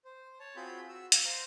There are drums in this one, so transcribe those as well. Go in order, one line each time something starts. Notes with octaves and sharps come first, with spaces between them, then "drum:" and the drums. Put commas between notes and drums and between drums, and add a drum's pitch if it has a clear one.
C5
C#5 A5
C4 F4 F#4 G#4 B5 G6
F#4 E6
F5 E6, drum: hi-hat
C5 F5 A#5 C6